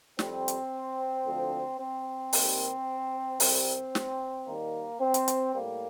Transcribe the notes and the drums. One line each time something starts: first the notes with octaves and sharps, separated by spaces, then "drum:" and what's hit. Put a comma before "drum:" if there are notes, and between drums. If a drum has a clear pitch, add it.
F2 C3 G3 C4, drum: snare
drum: hi-hat
D2 D3 F3
C4
D#2 D#3 G3, drum: open hi-hat
C2 C3 G3 C4, drum: open hi-hat
drum: snare
D#2 D#3 G3 A#3
C4
drum: hi-hat
drum: hi-hat
A2 G3 A#3